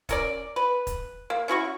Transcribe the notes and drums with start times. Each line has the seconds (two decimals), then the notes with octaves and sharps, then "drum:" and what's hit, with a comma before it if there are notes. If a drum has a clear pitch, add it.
0.09 C#4 A#4 D5, drum: kick E1, hi-hat
0.56 B4
0.87 drum: kick E1, hi-hat
1.30 A#3
1.48 C#4 E4 F#4 C#6